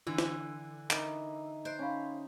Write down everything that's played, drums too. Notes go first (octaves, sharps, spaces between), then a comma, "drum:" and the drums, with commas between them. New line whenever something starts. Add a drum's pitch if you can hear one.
D3 E3
drum: snare
D#4 A#4 E5 B5 D6, drum: clap
C5 D#5 F#6 D7
C#4 D#4 F5 B5